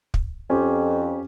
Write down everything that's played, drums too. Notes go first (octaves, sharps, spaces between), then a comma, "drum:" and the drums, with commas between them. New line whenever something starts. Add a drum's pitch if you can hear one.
drum: kick
F2 C#4 G4